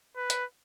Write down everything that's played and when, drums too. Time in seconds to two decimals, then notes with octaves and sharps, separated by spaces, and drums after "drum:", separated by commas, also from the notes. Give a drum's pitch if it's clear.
0.16 B4
0.30 drum: hi-hat